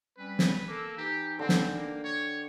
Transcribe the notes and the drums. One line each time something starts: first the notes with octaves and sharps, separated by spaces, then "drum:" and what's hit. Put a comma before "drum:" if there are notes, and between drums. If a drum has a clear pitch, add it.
G3 C4 C#4 B4
drum: snare
A#3 A4 D6 E6
E3 D#4 G4 B4
D3 C4 G5
drum: snare
A#3
C#5